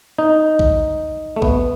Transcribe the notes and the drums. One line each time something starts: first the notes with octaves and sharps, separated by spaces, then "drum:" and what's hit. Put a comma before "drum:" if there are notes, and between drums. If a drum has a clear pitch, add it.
D#4
drum: kick A#1
A3
B3, drum: kick A#1